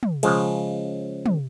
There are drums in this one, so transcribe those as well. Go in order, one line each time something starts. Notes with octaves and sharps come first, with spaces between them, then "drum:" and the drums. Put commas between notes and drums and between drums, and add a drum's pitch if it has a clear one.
drum: tom
C#3 F3 G#3, drum: cymbal
drum: tom